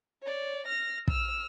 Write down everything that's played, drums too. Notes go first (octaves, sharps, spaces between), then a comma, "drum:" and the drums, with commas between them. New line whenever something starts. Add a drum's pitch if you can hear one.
C#5 D5
F6 A#6
E6 F6, drum: kick